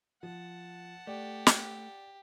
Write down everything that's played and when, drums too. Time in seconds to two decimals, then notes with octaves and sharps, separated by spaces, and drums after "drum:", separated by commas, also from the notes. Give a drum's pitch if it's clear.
0.23 F3 F#5 A5
1.07 A3 G4 D5
1.47 drum: snare